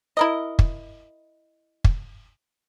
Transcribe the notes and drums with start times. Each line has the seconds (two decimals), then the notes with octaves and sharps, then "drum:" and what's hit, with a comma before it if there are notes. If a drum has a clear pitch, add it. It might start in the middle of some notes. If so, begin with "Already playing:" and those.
0.17 E4 A#4 D#5
0.59 drum: kick
1.84 drum: kick